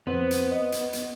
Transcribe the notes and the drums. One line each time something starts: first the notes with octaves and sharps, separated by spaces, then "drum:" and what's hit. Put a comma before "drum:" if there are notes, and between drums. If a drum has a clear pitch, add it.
F2 B3 C4 C5
drum: hi-hat
D#5
drum: hi-hat
drum: hi-hat